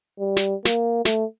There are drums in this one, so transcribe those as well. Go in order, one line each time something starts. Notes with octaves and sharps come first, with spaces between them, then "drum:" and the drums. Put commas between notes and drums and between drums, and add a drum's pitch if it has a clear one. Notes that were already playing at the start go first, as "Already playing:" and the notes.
G3
drum: snare
A#3, drum: snare
A3, drum: snare